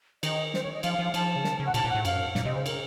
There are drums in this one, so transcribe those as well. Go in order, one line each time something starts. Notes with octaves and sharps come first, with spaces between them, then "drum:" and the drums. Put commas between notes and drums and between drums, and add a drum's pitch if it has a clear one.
D#3 D#5, drum: cymbal
C5, drum: snare
C#5
D#5
F3 F5, drum: cymbal
F5
F3
F5
F3 A5, drum: cymbal
C#3
D#3, drum: snare
C#3
F#5
A#2 A5, drum: cymbal
A#2
A2 F#5
F#2 F5, drum: cymbal
A#2, drum: snare
C3 D#5
C#3 C5
A#4, drum: cymbal